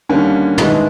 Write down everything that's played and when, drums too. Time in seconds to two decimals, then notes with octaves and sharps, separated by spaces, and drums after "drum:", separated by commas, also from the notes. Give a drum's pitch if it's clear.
0.09 D#2 D3 G3 A#3 C#4
0.58 D#2 D#3 G#3 B3 E4, drum: tom